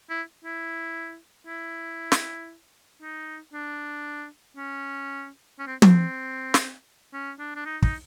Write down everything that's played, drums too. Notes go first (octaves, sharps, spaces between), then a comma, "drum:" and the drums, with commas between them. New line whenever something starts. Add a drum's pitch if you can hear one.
E4
E4
E4
drum: snare
D#4
D4
C#4
C#4
C4
C4, drum: tom
drum: snare
C#4
D4
D4
D#4
D#4, drum: kick